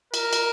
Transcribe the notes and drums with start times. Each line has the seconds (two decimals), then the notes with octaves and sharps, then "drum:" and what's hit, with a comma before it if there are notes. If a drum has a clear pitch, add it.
0.14 A#4, drum: cymbal
0.33 drum: cymbal